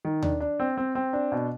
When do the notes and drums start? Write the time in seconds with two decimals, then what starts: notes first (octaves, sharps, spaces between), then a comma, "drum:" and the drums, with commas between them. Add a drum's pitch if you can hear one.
0.05 D#3
0.23 D4, drum: tom D#2
0.40 D4
0.60 C4
0.77 C4
0.95 C4
1.13 D4
1.32 B2